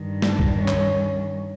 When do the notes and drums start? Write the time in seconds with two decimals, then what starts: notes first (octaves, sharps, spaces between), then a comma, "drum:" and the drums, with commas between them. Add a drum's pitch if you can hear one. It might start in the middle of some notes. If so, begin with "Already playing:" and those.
Already playing: G2 D#3
0.22 D4, drum: snare
0.39 drum: kick B1
0.59 C#4
0.68 drum: clap